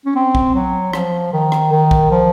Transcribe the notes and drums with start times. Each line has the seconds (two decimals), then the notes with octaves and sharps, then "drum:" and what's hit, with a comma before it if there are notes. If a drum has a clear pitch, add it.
0.05 C#4
0.15 C4
0.35 drum: kick
0.54 F#3
0.93 F3, drum: rim click
1.33 D#3
1.52 drum: rim click
1.72 D#3
1.91 drum: kick
2.11 F3